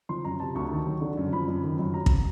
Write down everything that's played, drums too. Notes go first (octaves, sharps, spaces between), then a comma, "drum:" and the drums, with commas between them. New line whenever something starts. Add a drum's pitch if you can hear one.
F3 C6
F#2 A#5
C3 A5
D2 C#6
D#3
F#3
D3
F#2
F3 B5
F#2
D#3
F#2
F#3 A#5
drum: kick